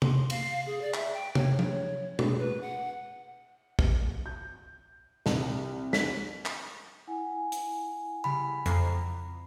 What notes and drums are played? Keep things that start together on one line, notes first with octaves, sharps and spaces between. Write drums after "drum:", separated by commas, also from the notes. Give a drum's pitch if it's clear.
C6, drum: tom C3
F5, drum: cymbal
G#4
D5
E5, drum: clap
G5
C#5, drum: tom C3
C#5, drum: tom F3
G#4, drum: tom B2
B4
F#5
drum: kick
G6
C2, drum: snare
B6, drum: snare
drum: clap
E4 F#5 G#5
drum: hi-hat
C#3 G3 B5
F2 A#5 C7, drum: hi-hat